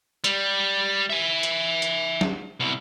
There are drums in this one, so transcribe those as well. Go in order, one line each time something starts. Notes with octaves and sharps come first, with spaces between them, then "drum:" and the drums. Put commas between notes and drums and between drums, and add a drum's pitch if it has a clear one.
G3, drum: hi-hat
E5 G#5
drum: hi-hat
drum: hi-hat
drum: snare
C2 B2